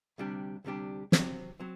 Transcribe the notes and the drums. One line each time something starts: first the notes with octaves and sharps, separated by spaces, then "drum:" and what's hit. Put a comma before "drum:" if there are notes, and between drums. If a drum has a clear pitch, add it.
D2 C3 G3 D4 G4
D2 C3 G3 D4 G4
C3 F#3 C4, drum: snare
F#3 C4